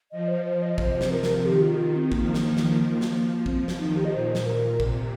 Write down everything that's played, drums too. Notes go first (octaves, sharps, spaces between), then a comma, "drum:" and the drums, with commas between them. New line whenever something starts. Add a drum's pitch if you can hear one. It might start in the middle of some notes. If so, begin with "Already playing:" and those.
F3 D#5
C5
C5
D#5
D#5
C3 C5, drum: kick
drum: snare
C3 A#4
drum: snare
D#3 G4
F4
G4
F4
C4
F3 A#3, drum: kick
drum: snare
drum: snare
F3
drum: snare
F3 C4, drum: kick
drum: snare
D#3 D#4
G4
D#5
A#2 C5
drum: snare
A#4
C3, drum: kick